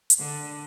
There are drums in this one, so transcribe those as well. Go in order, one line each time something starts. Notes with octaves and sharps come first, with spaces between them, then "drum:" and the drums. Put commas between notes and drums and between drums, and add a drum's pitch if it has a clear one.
drum: hi-hat
D3